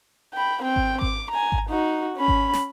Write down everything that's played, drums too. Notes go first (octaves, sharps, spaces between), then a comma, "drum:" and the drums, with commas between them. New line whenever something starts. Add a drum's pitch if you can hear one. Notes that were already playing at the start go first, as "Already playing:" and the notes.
G5 B5
C4 G5
drum: kick G#1
D6, drum: kick G#1
G#5 A#5
drum: kick G#1
D#4 F#4
C#4 B5
drum: kick G#1
drum: snare